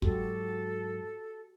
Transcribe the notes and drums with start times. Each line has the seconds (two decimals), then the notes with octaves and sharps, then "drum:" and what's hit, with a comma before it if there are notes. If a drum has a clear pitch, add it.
0.02 G#2 F#3 F#4 G4 A4, drum: kick